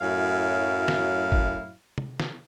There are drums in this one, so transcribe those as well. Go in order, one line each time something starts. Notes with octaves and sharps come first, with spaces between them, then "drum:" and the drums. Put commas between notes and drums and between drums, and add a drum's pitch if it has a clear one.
F#2 A2 F#3 E4 F5
drum: snare
drum: kick
drum: tom C3
drum: snare